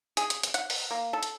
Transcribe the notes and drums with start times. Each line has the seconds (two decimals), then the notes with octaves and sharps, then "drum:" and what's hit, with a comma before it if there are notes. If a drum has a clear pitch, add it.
0.17 G#4, drum: hi-hat
0.30 drum: hi-hat
0.43 drum: hi-hat
0.54 F#5, drum: hi-hat
0.70 drum: open hi-hat
0.91 A#3
1.13 A4
1.23 drum: hi-hat